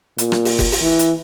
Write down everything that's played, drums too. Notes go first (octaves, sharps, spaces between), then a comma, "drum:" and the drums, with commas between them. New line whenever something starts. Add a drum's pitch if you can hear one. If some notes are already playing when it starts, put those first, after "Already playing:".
A#2, drum: hi-hat
drum: rim click
drum: open hi-hat
drum: kick F#1, open hi-hat
drum: open hi-hat
E3
drum: hi-hat